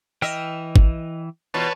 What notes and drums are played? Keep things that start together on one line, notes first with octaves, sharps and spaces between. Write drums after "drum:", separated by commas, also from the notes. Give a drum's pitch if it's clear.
E3 D#5 E5 G5 F6
drum: kick
E2 B2 F4 B4 C#5 A5